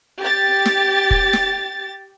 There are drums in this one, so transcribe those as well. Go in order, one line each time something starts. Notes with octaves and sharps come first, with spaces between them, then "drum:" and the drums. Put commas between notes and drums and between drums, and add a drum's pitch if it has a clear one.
G4 A6
drum: snare
drum: kick
drum: snare